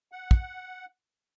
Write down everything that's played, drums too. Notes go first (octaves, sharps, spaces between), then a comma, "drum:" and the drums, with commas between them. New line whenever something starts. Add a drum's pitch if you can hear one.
F#5
drum: kick